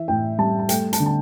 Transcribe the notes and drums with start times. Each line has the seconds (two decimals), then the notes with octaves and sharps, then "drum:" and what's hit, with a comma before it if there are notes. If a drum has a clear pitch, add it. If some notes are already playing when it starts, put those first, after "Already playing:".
Already playing: E3 E5
0.08 A2 G5
0.38 G3 A5
0.59 A5
0.69 A3 G5, drum: hi-hat
0.93 A5, drum: hi-hat
1.00 D3
1.06 A5